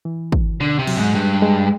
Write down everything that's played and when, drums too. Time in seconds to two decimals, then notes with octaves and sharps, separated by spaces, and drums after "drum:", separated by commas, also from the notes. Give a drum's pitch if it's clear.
0.05 E3
0.32 D2, drum: kick
0.59 B2 D3
0.79 C3
0.87 F#3, drum: cymbal
0.97 G#2
1.15 G2 G#3
1.42 G#3